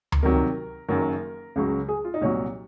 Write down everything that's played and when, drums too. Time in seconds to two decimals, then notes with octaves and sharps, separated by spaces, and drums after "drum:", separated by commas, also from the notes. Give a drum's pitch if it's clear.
0.12 drum: tom D2
0.23 C2 C3 D#3 F#3 A#4
0.88 F#1 F#2 D#3 F#3 A#4
1.56 C#2 C#3 F#3
1.89 G#4
2.05 F4
2.14 D#4
2.21 C2 A#2 F#3 C#5